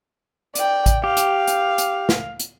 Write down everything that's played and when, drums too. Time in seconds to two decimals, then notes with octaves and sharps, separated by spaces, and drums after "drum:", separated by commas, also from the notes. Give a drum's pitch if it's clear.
0.55 D5 G5, drum: hi-hat
0.86 drum: kick A1, hi-hat
1.04 G4 F5
1.17 drum: hi-hat
1.47 drum: hi-hat
1.78 drum: hi-hat
2.09 drum: snare
2.40 drum: hi-hat